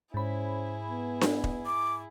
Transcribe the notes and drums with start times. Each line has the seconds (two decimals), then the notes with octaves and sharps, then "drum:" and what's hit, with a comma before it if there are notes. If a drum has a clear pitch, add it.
0.14 G#2 C#4 E4 G#4 C5 B5
0.89 B3
1.21 drum: snare D4
1.44 drum: kick E1
1.66 D6